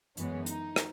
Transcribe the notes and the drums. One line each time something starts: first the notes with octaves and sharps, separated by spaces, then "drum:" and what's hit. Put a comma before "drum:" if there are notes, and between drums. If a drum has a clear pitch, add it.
F#2 E3 G#3 B3 C#4, drum: hi-hat
D#4, drum: hi-hat
drum: rim click